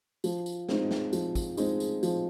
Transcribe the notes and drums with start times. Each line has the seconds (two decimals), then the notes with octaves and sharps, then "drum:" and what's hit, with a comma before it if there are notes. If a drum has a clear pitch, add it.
0.24 F3, drum: tambourine
0.46 drum: tambourine
0.69 G#3 C4 D#4, drum: snare
0.91 drum: snare
1.13 F3, drum: tambourine
1.35 drum: kick, tambourine
1.57 G#3 C4 D#4, drum: tambourine
1.80 drum: tambourine
2.03 F3, drum: tambourine